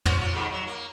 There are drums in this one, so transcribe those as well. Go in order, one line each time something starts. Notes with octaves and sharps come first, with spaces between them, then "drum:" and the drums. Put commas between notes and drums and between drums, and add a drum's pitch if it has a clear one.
C#4 F#4 C5, drum: tom
C3 F4
F2 G#2 D#3
F#3
A#3